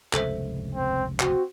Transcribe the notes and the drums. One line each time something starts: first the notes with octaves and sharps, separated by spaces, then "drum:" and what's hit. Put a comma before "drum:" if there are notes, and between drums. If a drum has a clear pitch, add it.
F1 C#2 G2 A4 C5 E5, drum: clap
C4
C4 F#4, drum: clap